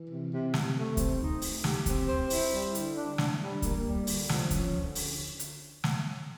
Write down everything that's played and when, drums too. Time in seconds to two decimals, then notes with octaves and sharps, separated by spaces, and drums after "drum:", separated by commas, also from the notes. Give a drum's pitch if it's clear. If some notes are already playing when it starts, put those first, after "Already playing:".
Already playing: E3
0.09 C3
0.31 C3
0.54 C3, drum: snare
0.76 A3
0.97 C4, drum: kick D2, hi-hat
1.19 D#4
1.42 A3, drum: open hi-hat
1.64 G4, drum: snare
1.86 C4, drum: kick D2, hi-hat
2.08 C5
2.30 E4, drum: open hi-hat
2.52 G3
2.75 D3, drum: hi-hat
2.96 D4
3.18 D4, drum: snare
3.40 G3
3.62 A#3, drum: kick D2, hi-hat
3.84 G3
4.07 D3, drum: open hi-hat
4.29 F3, drum: snare
4.50 C#4, drum: kick D2, hi-hat
4.74 D3
4.95 drum: open hi-hat
5.39 drum: hi-hat
5.84 drum: snare